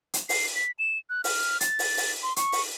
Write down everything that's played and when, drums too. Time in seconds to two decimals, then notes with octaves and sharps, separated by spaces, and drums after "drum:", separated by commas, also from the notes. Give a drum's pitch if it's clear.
0.14 drum: hi-hat
0.29 C7, drum: open hi-hat
0.55 B6
0.79 E7
1.10 F#6
1.24 F6, drum: open hi-hat
1.60 A6, drum: hi-hat
1.79 drum: open hi-hat
1.97 drum: open hi-hat
2.23 C6
2.36 C#6, drum: hi-hat
2.52 drum: open hi-hat